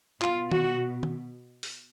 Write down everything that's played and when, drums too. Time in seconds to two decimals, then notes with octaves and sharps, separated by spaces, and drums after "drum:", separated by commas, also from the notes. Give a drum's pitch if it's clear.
0.21 B2 F4, drum: clap
0.52 F#4, drum: tom D#3
1.03 drum: tom D#3
1.63 drum: open hi-hat